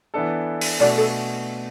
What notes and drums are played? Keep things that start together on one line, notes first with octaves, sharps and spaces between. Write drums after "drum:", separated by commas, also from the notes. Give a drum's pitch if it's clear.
E3 B3 D4 A4
drum: open hi-hat
B2 A3 D4 F#4 D5
A4